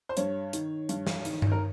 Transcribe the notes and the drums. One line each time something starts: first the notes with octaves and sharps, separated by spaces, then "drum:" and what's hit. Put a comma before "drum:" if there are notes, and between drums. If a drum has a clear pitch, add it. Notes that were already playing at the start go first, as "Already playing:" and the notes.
C5
G2 C#5, drum: hi-hat
D#3, drum: hi-hat
G2, drum: hi-hat
drum: snare
D#3, drum: hi-hat
drum: tom G2
A#4